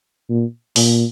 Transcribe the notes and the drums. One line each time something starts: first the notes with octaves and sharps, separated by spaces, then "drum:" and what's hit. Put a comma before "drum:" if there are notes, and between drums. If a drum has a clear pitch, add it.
A#2
A#2, drum: open hi-hat